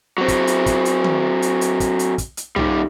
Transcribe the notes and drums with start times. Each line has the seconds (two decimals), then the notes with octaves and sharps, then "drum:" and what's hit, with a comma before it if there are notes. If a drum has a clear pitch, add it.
0.18 F#3 C4
0.28 drum: kick, hi-hat
0.47 drum: hi-hat
0.66 drum: kick, hi-hat
0.85 drum: hi-hat
1.04 drum: tom D#3
1.42 drum: hi-hat
1.61 drum: hi-hat
1.80 drum: kick, hi-hat
1.99 drum: hi-hat
2.18 drum: kick, hi-hat
2.37 drum: hi-hat
2.56 D#3 G3, drum: tom B1